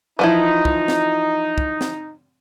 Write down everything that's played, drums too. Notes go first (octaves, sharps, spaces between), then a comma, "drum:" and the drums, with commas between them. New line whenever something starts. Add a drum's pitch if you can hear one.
E3 F3 D#4 E4
drum: kick
drum: snare
drum: kick
drum: snare